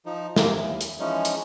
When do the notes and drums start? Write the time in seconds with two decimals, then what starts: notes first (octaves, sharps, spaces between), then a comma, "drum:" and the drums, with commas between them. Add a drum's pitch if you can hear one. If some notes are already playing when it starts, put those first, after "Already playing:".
0.06 F3 D#4
0.36 F#2 C3 A#3, drum: snare
0.53 D#2 E3
0.81 drum: hi-hat
0.99 E3 F3 G#3 C#4 D#4
1.25 drum: hi-hat